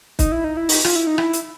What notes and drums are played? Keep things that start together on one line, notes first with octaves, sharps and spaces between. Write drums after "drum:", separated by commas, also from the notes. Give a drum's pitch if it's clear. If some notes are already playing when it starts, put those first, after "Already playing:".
D#4, drum: kick, hi-hat
E4
D#4
E4
D#4, drum: open hi-hat
F4, drum: rim click
E4
D#4
E4, drum: rim click
drum: hi-hat